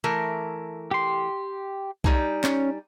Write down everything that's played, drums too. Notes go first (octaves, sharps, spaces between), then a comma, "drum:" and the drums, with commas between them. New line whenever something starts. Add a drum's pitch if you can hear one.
E3 A3 A#4
G4 C6
G3 D#4 G#5, drum: kick B1
C#4, drum: clap